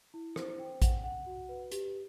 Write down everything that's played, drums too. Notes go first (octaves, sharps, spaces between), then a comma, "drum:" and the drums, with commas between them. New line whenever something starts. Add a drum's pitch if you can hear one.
E4
C5, drum: rim click
G5
F#5, drum: kick A1, hi-hat
F#5
F#4
B4
G4, drum: hi-hat